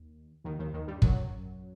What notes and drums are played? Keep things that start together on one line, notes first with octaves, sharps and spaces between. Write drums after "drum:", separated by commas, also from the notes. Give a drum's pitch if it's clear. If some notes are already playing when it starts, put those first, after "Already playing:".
Already playing: D#2
D#2 D#3
D#2 D#3
D#2 D#3
G2 G3
F#2 F#3, drum: kick